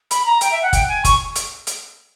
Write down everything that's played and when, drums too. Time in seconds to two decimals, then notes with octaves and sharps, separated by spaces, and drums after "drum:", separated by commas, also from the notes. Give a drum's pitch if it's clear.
0.11 B5, drum: hi-hat
0.25 A#5
0.41 G5, drum: hi-hat
0.51 E5
0.62 F#5
0.73 G5, drum: kick, hi-hat
0.88 G#5
1.05 C#6, drum: kick, hi-hat
1.35 drum: hi-hat
1.67 drum: hi-hat